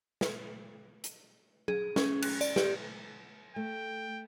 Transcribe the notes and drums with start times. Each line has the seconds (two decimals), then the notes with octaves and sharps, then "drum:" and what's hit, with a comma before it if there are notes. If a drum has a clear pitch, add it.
0.21 drum: snare
1.04 drum: hi-hat
1.68 G#4, drum: tom
1.96 C#4, drum: snare
2.22 F#6, drum: cymbal
2.41 D5, drum: tambourine
2.56 G4, drum: snare
3.56 A3 G5